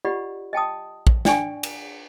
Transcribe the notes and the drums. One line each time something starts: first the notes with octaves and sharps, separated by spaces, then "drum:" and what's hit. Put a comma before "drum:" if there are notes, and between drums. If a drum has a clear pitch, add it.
F4 G4 D5 D#5 F#5 B5
D#5 G5 A5 D#6
drum: kick
D4 D5 G5 G#5 C#6, drum: snare
drum: cymbal